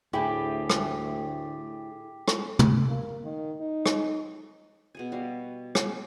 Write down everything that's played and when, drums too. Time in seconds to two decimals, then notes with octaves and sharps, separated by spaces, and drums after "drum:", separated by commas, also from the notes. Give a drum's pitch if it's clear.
0.13 D2 A2 E4 G4 G#4 G5 G#5
0.70 drum: rim click
2.28 drum: rim click
2.59 drum: tom
2.88 A#3
3.24 D#3
3.60 D#4
3.86 drum: rim click
4.95 B2 G#4 G#5
5.12 G3 F#4 F5
5.75 drum: rim click